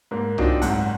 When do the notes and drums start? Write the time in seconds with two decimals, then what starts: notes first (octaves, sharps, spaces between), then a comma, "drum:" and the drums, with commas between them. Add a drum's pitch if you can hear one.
0.11 G#2 A#3
0.38 F#3 C4 D4 D#4 F4, drum: tom C2
0.62 F#1 G#2 F#5, drum: hi-hat